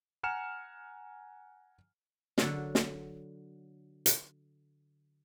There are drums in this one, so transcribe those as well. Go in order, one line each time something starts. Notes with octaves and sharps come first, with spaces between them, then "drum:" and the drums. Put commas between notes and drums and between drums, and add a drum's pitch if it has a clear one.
F#5 G#5 A#5 F6 C#7 E7
D3 F#3, drum: snare
drum: snare
drum: hi-hat